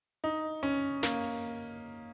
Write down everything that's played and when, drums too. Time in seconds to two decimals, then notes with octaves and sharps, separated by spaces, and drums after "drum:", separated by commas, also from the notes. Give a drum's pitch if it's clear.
0.24 D#4
0.63 C#4, drum: hi-hat
1.03 A#3, drum: snare
1.24 drum: open hi-hat